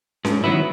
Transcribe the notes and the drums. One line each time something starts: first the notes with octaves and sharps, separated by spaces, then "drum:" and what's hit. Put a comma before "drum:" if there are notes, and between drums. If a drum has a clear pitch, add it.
G#2, drum: snare C#4
D#3 F#3 B3 E4